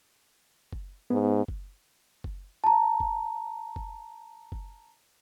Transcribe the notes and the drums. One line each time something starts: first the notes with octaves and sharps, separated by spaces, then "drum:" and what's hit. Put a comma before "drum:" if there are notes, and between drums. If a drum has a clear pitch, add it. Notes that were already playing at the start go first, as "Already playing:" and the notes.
drum: kick F#1
G#2 B3
drum: kick F#1
drum: kick F#1
A5 A#5
drum: kick F#1
drum: kick F#1
drum: kick F#1